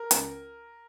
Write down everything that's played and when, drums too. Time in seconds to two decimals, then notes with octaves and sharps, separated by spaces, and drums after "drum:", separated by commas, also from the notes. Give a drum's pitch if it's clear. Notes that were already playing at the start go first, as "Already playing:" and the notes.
Already playing: A#4
0.11 C#2, drum: hi-hat